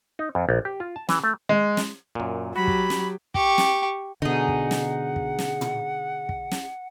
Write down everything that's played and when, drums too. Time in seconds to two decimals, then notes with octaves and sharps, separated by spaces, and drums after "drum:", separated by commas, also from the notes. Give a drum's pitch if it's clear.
0.19 D#4
0.35 F2
0.49 A#1
0.65 G4
0.80 F4
0.96 A5
1.09 E3, drum: snare
1.24 A3
1.49 G#3
1.77 drum: snare
2.15 F#2 A#2
2.56 F#3 F#4 G4 B5
2.68 drum: kick
2.90 drum: snare
3.34 G4 C#6, drum: kick
3.58 drum: snare
4.22 B2 D3 D#4 G#4 F#5
4.48 drum: kick
4.71 drum: snare
5.16 drum: kick
5.39 drum: snare
5.61 drum: tom
6.29 drum: kick
6.51 drum: snare